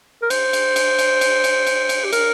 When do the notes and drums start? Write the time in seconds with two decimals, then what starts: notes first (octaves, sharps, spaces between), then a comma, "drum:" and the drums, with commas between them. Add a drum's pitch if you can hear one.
0.22 A#4
0.30 C5, drum: cymbal
0.53 drum: cymbal
0.76 drum: cymbal
0.99 drum: cymbal
1.21 drum: cymbal
1.44 drum: cymbal
1.67 drum: cymbal
1.89 drum: cymbal
2.05 G4
2.12 A#4, drum: cymbal